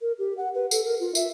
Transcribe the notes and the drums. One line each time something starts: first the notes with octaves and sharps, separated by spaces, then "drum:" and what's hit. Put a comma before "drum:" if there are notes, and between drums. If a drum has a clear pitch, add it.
A#4
G4
F#5
B4
A4, drum: tambourine
A#4
F4
E5, drum: tambourine